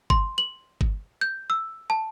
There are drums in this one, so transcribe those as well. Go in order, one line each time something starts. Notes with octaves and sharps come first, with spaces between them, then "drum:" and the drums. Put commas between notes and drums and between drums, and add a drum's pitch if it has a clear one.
C6, drum: kick G1
F#7
drum: kick G1
G6
E6
A5